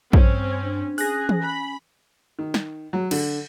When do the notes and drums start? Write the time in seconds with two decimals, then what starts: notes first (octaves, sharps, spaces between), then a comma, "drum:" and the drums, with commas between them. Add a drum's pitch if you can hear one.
0.13 G2 C4 C#4 C#5, drum: kick
0.63 D4
0.98 C#4 G#4 G#5 F#6 A#6, drum: open hi-hat
1.29 drum: tom E3
1.42 B5
2.39 D#3
2.54 drum: snare
2.93 F#3
3.11 D3, drum: cymbal